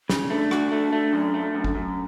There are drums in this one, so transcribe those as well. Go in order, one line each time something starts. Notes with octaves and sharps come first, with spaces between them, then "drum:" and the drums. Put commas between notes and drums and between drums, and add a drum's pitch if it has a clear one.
C#3, drum: snare
A3 D4
F#4, drum: rim click
A3
A3
F#2
A3
F#2
drum: kick G1
F#2